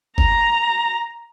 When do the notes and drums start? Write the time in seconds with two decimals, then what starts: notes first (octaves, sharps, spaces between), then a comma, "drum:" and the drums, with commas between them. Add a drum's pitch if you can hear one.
0.18 A#5, drum: kick G1